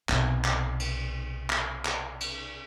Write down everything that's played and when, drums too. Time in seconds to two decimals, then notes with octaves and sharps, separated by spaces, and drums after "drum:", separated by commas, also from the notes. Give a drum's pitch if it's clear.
0.09 B1 C3, drum: clap
0.44 drum: clap
0.80 drum: cymbal
1.50 drum: clap
1.85 drum: clap
2.20 drum: cymbal